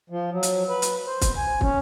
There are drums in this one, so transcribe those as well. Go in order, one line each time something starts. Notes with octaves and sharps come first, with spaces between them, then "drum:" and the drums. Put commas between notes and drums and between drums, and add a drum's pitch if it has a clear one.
F3
F#3
drum: hi-hat
B4
drum: hi-hat
C5
drum: kick, hi-hat
G#5
C#4, drum: kick